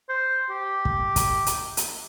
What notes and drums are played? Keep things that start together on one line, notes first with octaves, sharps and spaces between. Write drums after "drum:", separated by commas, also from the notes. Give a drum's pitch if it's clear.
C5
G4
drum: kick
drum: kick, hi-hat
drum: hi-hat
drum: hi-hat